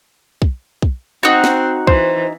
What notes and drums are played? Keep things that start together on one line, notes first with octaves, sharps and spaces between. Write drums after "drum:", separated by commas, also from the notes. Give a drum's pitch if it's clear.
drum: kick
drum: kick
C4 D#4 F#4
drum: snare
E3 C5, drum: kick